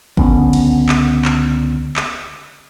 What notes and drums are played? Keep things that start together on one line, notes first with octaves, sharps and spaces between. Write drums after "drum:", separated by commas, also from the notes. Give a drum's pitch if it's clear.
C#2 D3 B3 C#4, drum: kick
drum: cymbal
drum: clap
drum: clap
drum: clap